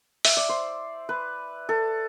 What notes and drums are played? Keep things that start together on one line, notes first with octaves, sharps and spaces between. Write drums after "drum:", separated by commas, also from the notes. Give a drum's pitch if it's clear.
E5, drum: open hi-hat
D5
C5
B4
A4